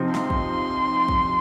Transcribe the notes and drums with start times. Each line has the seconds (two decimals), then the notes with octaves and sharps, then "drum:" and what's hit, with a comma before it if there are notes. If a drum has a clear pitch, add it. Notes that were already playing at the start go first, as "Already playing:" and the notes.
Already playing: C3 F3 C4 D#4
0.15 C6, drum: snare
0.30 drum: kick
1.08 drum: kick